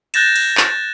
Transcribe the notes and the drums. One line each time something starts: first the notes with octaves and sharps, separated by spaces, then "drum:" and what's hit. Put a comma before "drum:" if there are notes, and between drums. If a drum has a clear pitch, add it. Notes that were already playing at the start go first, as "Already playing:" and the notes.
F#6 G6 A6 A#6 E7, drum: cymbal
drum: cymbal
drum: clap